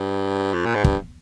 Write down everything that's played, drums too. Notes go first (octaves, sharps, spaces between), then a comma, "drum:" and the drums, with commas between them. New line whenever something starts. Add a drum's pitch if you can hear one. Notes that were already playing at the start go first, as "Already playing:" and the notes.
Already playing: G2
F2
A#2
G#2
G2, drum: kick